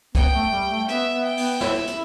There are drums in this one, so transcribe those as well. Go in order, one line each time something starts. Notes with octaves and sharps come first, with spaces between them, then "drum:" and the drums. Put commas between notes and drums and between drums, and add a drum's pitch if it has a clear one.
B3 G5, drum: kick, hi-hat
A3
G3
A3
B3 E5, drum: hi-hat
B3
G5
B3, drum: open hi-hat
E4 E5, drum: snare
E4, drum: hi-hat